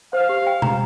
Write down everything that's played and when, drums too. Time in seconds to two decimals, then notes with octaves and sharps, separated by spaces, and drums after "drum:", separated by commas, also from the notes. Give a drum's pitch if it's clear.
0.13 C5 F5
0.29 G4
0.47 G5
0.62 A#5, drum: tom B2